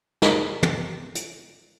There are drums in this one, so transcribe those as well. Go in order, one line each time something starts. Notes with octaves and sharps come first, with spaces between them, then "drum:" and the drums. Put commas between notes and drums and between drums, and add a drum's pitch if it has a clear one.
G#3 D#4 A#4 D#5 B5, drum: snare
drum: tom
drum: hi-hat